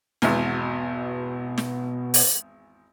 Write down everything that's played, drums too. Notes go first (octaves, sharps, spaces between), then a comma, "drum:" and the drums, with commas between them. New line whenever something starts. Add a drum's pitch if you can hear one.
G#1 E2 B2, drum: snare
drum: snare
drum: open hi-hat